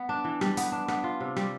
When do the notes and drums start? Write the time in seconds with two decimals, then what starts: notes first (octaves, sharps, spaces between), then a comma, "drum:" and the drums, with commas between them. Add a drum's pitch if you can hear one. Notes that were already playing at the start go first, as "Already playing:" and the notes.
Already playing: B3
0.09 D4
0.24 E3
0.41 G3, drum: rim click
0.57 B3, drum: hi-hat
0.72 D4
0.88 B3, drum: rim click
1.04 F4
1.20 C3
1.36 G3, drum: rim click